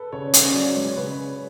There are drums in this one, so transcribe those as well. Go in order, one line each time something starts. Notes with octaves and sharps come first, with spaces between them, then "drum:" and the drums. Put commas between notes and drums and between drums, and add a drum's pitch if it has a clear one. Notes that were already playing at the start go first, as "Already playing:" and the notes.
Already playing: A4 B4
C#3 C#5
C#4, drum: hi-hat
D5
F#3
G#3 C#5
C#3 B4